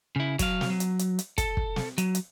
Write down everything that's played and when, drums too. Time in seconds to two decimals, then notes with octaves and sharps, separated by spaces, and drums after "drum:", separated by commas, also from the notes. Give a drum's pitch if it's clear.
0.16 C#3 E4
0.39 F#3 F5, drum: kick, hi-hat
0.61 drum: snare
0.70 F#3
0.80 drum: hi-hat
0.99 drum: hi-hat
1.19 drum: hi-hat
1.38 A4, drum: kick, hi-hat
1.57 drum: kick
1.76 drum: snare
1.98 F#3, drum: hi-hat
2.15 drum: hi-hat